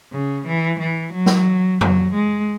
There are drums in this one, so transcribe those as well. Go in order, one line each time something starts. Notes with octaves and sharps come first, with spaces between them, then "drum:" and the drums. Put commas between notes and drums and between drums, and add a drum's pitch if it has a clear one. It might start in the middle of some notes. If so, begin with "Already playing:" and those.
C#3
E3
E3
F#3
drum: snare
F#3, drum: tom F2
G#3